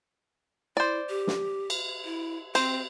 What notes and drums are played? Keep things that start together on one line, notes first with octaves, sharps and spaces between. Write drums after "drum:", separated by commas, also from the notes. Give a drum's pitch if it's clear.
E4 C5 D5
G4
drum: snare
drum: cymbal
E4
C4 C5, drum: cymbal